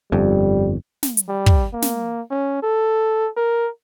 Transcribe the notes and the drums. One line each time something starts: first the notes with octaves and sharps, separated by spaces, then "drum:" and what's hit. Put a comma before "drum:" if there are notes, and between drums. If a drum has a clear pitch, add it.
G1 F2 G3
drum: snare
drum: hi-hat
G3
drum: kick
A#3
drum: snare
C#4
A4
A#4